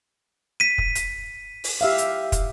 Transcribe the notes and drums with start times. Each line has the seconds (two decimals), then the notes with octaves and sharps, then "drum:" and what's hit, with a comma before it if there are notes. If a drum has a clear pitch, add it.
0.60 B6 D#7
0.78 drum: kick
0.95 drum: hi-hat
1.64 drum: open hi-hat
1.81 G4 E5 F5
1.98 drum: hi-hat
2.32 drum: kick, hi-hat